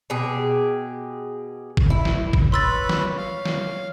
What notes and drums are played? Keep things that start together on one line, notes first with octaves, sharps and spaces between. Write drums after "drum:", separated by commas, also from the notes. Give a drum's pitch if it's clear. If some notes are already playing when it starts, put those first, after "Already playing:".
B2 G4 G#4
drum: kick
E4
drum: snare
drum: kick
B4 C#5 B5 C6 E6 A6
drum: snare
F5
drum: snare